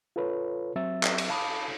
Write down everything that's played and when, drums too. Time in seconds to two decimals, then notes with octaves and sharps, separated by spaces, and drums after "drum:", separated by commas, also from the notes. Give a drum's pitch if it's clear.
0.16 F4 A4 B4 C#5
0.76 F#3 C4 E5 E6 A6
1.03 drum: clap
1.18 drum: cymbal
1.29 F5 A5 B5 D6 D#6